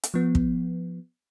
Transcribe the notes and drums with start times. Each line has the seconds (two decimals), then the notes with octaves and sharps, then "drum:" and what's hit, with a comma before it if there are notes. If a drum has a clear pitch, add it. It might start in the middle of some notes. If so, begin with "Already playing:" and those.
0.04 drum: hi-hat
0.14 F3 B3
0.35 drum: kick